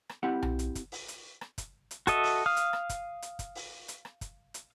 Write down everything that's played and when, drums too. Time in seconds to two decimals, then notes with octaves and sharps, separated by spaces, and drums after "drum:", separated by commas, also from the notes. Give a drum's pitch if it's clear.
0.09 drum: rim click
0.23 C4 E4 G4 F#5
0.42 drum: tom B1
0.59 drum: hi-hat
0.75 drum: kick, hi-hat
0.92 drum: open hi-hat
1.08 drum: hi-hat
1.41 drum: rim click
1.58 drum: kick, hi-hat
1.91 drum: hi-hat
2.07 F#4 A4 D#5 E5, drum: kick, hi-hat
2.24 drum: open hi-hat
2.46 F5 D#6 F6
2.57 drum: hi-hat
2.73 drum: rim click
2.89 drum: kick, hi-hat
3.22 drum: hi-hat
3.39 drum: kick, hi-hat
3.55 drum: open hi-hat
3.88 drum: hi-hat
4.05 drum: rim click
4.21 drum: kick, hi-hat
4.54 drum: hi-hat